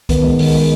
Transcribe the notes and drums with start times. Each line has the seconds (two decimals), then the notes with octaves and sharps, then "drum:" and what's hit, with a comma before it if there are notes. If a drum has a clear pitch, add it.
0.09 D#3 B3, drum: kick C2, hi-hat
0.24 G#3
0.39 D#3, drum: open hi-hat
0.55 G#3